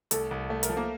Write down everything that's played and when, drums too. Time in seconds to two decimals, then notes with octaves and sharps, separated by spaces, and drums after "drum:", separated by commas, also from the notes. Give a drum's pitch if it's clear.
0.11 C2 A3 A4, drum: hi-hat
0.31 C2
0.50 A3
0.63 A#4, drum: hi-hat
0.69 F3 A4
0.77 A#3 A#4